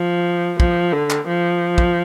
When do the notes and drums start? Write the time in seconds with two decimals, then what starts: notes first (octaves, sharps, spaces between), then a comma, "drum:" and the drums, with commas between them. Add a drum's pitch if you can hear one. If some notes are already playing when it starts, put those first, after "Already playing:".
Already playing: F3
0.60 F3, drum: kick
0.93 D3
1.10 drum: clap
1.27 F3
1.78 drum: kick